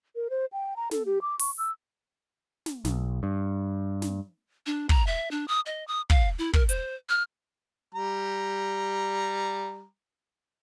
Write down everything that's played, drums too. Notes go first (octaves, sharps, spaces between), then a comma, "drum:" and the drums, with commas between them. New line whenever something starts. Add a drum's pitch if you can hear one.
A#4
C5
G5
A#5
A4, drum: snare
G4
D6
C#6, drum: open hi-hat
E6
drum: snare
B1, drum: snare
G2
drum: snare
D4
A#5, drum: kick
E5
D4
D#6
D#5
D#6
F5, drum: kick
E4
A#4, drum: kick
C5, drum: hi-hat
F6
G3 A#5